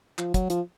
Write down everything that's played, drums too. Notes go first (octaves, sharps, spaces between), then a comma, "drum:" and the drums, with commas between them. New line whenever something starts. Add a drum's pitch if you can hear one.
F3, drum: clap
F#3, drum: kick, hi-hat
F3, drum: hi-hat